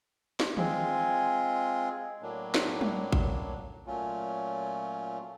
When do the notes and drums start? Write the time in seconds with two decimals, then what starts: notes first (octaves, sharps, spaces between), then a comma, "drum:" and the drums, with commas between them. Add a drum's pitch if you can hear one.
0.40 drum: snare
0.57 G#3 C4 F4 G#4, drum: tom D#3
2.22 A2 F#3 A#3 D4
2.54 drum: snare
2.81 drum: tom F#3
3.12 drum: kick
3.86 A#2 F#3 A3 C#4 F4